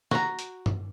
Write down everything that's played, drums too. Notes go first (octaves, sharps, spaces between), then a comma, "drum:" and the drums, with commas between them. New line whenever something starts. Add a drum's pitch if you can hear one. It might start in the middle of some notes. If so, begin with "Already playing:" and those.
F#4 A#5, drum: snare
drum: hi-hat
drum: tom